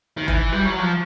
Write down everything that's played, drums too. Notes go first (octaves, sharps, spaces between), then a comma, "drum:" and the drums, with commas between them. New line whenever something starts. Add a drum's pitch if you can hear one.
D#3
E3, drum: kick
G3
F#3
F3